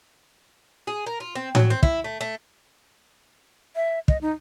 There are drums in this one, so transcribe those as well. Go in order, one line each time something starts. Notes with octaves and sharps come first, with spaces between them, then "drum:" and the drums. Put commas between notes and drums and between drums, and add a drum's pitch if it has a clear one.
G#4
A#4
F4
C4
F#3, drum: tom A2
C4
E4, drum: kick
A3
A3
E5
D#5, drum: kick
D#4